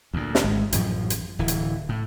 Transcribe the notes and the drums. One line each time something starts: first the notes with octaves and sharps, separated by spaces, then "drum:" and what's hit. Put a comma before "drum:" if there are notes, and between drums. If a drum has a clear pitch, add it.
D2 A#2
drum: snare
G#1 G#3
A1 F#2 F3, drum: hi-hat
drum: hi-hat
D1 E3
drum: hi-hat
A2